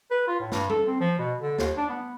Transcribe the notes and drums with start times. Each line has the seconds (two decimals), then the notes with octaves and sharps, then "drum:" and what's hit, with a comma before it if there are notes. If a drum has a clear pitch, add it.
0.11 B4
0.27 F4
0.40 A2
0.52 G2, drum: snare
0.70 A4, drum: tom G3
0.87 C4
1.00 F3
1.18 B2
1.40 D3
1.58 D#2, drum: snare
1.77 D4
1.89 B3